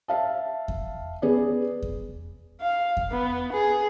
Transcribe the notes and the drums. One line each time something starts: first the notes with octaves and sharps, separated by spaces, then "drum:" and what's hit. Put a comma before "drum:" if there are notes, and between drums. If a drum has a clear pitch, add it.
E5 F5 A5
drum: kick E2
B3 G#4 B4 D5
drum: kick E2
F5
drum: kick E2
B3
G#4